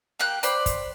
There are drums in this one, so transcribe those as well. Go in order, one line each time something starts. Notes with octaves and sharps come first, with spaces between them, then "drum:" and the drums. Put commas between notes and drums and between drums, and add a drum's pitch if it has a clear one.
A#3 G4 G5 F#6
C5 D5 B5, drum: hi-hat
drum: kick, hi-hat